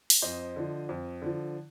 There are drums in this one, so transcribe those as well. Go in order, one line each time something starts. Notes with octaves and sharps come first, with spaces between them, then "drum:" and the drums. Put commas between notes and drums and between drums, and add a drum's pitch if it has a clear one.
drum: open hi-hat
F2 C5 D#5
D3 F3
F2
D3 F3